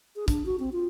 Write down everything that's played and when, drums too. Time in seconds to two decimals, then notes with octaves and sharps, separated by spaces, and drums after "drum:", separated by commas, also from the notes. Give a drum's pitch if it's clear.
0.16 G#4
0.28 D4, drum: kick, hi-hat
0.46 F#4
0.59 C4
0.73 F4